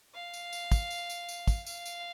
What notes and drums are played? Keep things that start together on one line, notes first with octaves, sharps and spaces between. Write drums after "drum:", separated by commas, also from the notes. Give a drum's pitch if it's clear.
F5
drum: tambourine
drum: tambourine
drum: kick, tambourine
drum: tambourine
drum: tambourine
drum: tambourine
drum: kick, tambourine
F5, drum: tambourine
drum: tambourine